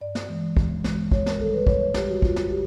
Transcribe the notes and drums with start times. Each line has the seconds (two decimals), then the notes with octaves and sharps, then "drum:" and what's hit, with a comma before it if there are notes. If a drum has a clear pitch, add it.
0.01 G2 D5
0.15 drum: snare
0.28 E3 G#3
0.57 G2, drum: kick
0.84 E3 G#3, drum: snare
1.12 G2 C#5, drum: kick
1.26 A#4, drum: snare
1.39 D#3 G3 A4
1.54 B4
1.67 G2 C#5, drum: kick
1.81 C#5
1.94 D#3 G3 G4, drum: snare
2.09 F#4
2.22 F2 F4, drum: kick
2.36 drum: snare
2.50 D3 G4